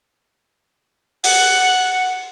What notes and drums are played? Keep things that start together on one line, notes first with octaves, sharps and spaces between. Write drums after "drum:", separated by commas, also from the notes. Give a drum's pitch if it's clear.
F#5, drum: open hi-hat